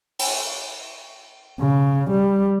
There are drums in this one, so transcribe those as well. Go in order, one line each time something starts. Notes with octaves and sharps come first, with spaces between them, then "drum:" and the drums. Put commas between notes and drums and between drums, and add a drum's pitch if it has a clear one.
drum: open hi-hat
C#3
G3